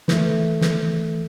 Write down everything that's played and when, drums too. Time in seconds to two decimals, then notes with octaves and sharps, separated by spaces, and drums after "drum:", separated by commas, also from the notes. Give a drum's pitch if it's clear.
0.08 E3 A3, drum: snare
0.61 drum: snare